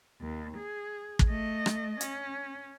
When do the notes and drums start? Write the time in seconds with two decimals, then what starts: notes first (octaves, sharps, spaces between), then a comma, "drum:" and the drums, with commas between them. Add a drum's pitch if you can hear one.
0.21 D#2
0.58 G#4
1.19 drum: kick
1.29 A3 D#5
1.66 drum: rim click
2.01 C#4, drum: hi-hat